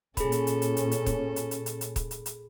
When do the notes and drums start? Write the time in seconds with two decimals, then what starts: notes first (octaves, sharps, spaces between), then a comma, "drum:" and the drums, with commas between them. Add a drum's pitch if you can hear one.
0.17 A#2 C#4 G#4 A4 B5, drum: kick, hi-hat
0.32 drum: hi-hat
0.47 drum: hi-hat
0.62 drum: hi-hat
0.77 drum: hi-hat
0.91 drum: hi-hat
1.06 drum: kick, hi-hat
1.36 drum: hi-hat
1.51 drum: hi-hat
1.66 drum: hi-hat
1.81 drum: hi-hat
1.96 drum: kick, hi-hat
2.11 drum: hi-hat
2.26 drum: hi-hat